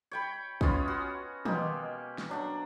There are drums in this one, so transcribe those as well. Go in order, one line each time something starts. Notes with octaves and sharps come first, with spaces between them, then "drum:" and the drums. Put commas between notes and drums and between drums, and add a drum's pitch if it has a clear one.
C#5 G5 B5
G#3 B3 C#4 F4, drum: kick
F#4
B2 G#3 A#3 G4, drum: tom
drum: snare
F#3 D4 F#5